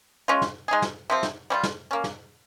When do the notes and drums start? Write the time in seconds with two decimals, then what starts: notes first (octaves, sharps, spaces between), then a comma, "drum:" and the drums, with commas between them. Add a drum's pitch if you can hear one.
0.28 G#3 C#4 F4
0.42 drum: snare
0.68 G#3 D#4 G#4
0.82 drum: snare
1.10 C3 F3 C4
1.23 drum: snare
1.50 G3 C#4 F4
1.63 drum: snare
1.91 A#3 C#4
2.04 drum: snare